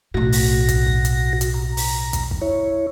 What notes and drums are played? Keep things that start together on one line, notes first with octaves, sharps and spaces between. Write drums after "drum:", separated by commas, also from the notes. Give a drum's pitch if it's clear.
B1 A2 F#4 A#6
drum: open hi-hat
drum: kick, hi-hat
drum: kick
drum: hi-hat
drum: hi-hat
A#5
drum: open hi-hat
drum: kick, hi-hat
drum: kick
E4 C#5